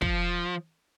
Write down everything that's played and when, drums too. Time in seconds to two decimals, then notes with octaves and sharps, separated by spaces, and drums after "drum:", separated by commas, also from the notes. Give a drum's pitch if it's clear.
0.02 F3, drum: kick